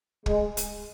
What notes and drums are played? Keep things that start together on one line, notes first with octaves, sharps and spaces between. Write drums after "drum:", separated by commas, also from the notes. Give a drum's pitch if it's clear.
G#3, drum: kick
drum: hi-hat